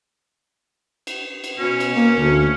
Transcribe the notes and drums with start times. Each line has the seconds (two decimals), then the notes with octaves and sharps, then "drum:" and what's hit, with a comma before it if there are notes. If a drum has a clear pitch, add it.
1.07 drum: cymbal
1.44 drum: cymbal
1.58 B2 C#4
1.80 drum: cymbal
1.95 A#3
2.17 D2